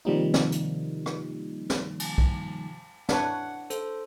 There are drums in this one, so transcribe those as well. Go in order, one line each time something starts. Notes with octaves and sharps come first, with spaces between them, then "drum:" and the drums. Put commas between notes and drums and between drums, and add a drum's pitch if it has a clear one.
C3 D#3 F3 G3 A#3 D#4
drum: snare
drum: hi-hat
drum: rim click
drum: snare
drum: cymbal
drum: kick
D4 E4 B4 C#5 E5 F#5 A5, drum: snare
A4 C5, drum: hi-hat